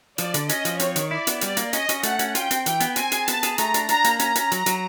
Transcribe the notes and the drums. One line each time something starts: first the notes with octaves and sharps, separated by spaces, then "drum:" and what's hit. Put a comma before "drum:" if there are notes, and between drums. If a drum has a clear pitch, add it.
F3 D5, drum: hi-hat
D3, drum: hi-hat
C#4 D#5, drum: hi-hat
F3, drum: hi-hat
C4 C#5, drum: hi-hat
D#3, drum: hi-hat
E4 D5
B3, drum: hi-hat
G3 D5, drum: hi-hat
A#3, drum: hi-hat
C#4 D#5, drum: hi-hat
C#4, drum: hi-hat
A3 F#5, drum: hi-hat
C#4, drum: hi-hat
F4 G5, drum: hi-hat
C4, drum: hi-hat
E3 G5, drum: hi-hat
B3, drum: hi-hat
C4 G#5, drum: hi-hat
G#4, drum: hi-hat
B3 A5, drum: hi-hat
G#4, drum: hi-hat
A3 A#5, drum: hi-hat
D4, drum: hi-hat
D4 A#5, drum: hi-hat
A#3, drum: hi-hat
C#4 A#5, drum: hi-hat
C#4, drum: hi-hat
F#3, drum: hi-hat
F#3, drum: hi-hat